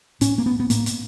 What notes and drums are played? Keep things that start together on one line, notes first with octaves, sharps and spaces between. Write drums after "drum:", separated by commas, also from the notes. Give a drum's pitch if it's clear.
A2 C#4, drum: hi-hat
A#3
B3
B3
A2 A#3, drum: hi-hat
drum: hi-hat